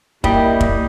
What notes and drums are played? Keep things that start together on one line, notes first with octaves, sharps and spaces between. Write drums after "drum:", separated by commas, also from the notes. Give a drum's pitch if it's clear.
G3 A#3 E4 D#5, drum: kick
drum: kick